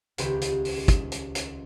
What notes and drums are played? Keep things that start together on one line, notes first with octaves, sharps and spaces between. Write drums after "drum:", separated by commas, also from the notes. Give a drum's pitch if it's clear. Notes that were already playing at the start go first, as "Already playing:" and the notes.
D#1 C#2 G4 B4 C5 G6, drum: hi-hat
drum: hi-hat
drum: open hi-hat
drum: kick, hi-hat
drum: hi-hat
drum: hi-hat